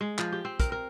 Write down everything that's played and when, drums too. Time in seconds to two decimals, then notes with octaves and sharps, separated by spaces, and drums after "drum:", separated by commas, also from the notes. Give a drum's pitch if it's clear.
0.01 G#3
0.19 F3, drum: clap
0.32 G4
0.45 C4
0.60 A#4, drum: kick, hi-hat
0.72 A#4